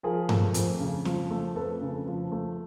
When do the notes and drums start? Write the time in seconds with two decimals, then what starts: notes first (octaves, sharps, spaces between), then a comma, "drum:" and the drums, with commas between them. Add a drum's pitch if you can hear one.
0.03 F3 G#4 A#4
0.29 A3, drum: tom G2
0.54 F2, drum: hi-hat
0.80 C#3
1.05 F3, drum: snare
1.31 A3
1.56 F2 A4 B4
1.81 C#3
2.07 F3
2.32 A3